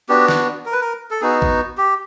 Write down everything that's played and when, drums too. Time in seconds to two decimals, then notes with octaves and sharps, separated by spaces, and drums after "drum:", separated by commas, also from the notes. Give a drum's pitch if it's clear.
0.09 B3 D4 F#4 G4
0.28 drum: snare
0.66 A#4
0.72 B4
0.81 A#4
1.11 A4
1.21 B3 D#4 F#4 G#4
1.42 drum: kick A1
1.77 G4